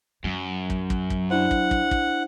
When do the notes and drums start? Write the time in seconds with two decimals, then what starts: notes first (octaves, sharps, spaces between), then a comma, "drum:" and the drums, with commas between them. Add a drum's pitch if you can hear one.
0.24 F#2 F#3
0.70 drum: kick
0.90 drum: kick
1.10 drum: kick
1.31 D4 E4 C5 F#5
1.51 drum: kick
1.71 drum: kick
1.91 drum: kick